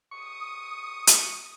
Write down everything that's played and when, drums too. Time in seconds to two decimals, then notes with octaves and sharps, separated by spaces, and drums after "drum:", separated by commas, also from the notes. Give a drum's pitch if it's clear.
0.11 C#6 D#6
1.07 drum: hi-hat